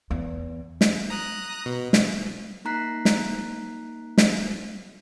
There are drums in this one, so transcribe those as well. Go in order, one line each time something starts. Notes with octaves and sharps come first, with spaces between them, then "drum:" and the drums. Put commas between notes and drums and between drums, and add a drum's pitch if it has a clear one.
E2
drum: snare
A#5 D#6 F#6
B2
drum: snare
A#3 D#4 A#5 F#6 B6 C7
drum: snare
drum: snare